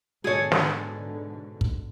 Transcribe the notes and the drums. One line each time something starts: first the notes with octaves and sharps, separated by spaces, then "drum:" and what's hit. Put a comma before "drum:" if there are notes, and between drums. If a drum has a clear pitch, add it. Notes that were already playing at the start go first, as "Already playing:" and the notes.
G#2 B2 D3 G#4 A4 C#5
drum: snare
drum: kick